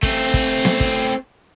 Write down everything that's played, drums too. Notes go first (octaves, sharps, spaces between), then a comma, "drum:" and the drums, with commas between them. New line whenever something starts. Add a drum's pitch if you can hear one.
A3 C4, drum: kick
drum: kick
drum: snare B3
drum: kick